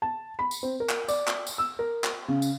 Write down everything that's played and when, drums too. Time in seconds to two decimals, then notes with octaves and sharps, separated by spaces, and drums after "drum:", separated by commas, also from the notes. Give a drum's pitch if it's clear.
0.02 A5
0.39 B5
0.51 drum: tambourine
0.63 C4
0.80 A#4
0.89 drum: clap
1.08 D5, drum: tambourine
1.28 drum: clap
1.47 drum: tambourine
1.58 E6
1.79 A#4
2.04 drum: clap
2.28 C#3
2.42 drum: tambourine